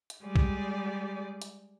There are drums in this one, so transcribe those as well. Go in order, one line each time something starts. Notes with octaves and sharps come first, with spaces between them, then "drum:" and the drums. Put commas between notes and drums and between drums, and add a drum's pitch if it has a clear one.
drum: hi-hat
G3 G#3 G4 G#4 D5
drum: kick
drum: hi-hat